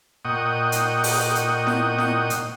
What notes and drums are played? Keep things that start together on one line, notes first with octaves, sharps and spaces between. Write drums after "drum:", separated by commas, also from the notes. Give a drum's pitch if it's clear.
A#2 D#5 F#5 G5 C#6 D#6
drum: hi-hat
drum: open hi-hat
drum: hi-hat
drum: snare E4
drum: snare E4
drum: hi-hat